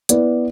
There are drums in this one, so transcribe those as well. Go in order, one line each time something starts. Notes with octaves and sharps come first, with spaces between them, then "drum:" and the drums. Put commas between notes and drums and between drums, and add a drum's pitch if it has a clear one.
B3 E4 B4 D5, drum: hi-hat